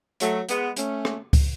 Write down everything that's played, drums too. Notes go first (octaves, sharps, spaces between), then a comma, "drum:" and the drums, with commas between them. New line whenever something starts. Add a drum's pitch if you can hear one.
F#3 A3, drum: hi-hat
G#3 B3, drum: hi-hat
A3 C#4, drum: hi-hat
drum: rim click
drum: kick C#2, open hi-hat